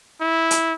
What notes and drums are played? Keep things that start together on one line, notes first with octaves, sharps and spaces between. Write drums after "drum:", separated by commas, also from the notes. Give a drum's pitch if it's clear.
E4
drum: hi-hat